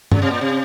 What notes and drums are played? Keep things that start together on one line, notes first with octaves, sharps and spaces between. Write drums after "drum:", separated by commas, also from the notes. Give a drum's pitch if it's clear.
C#3, drum: tom G2
C3
A#2
C3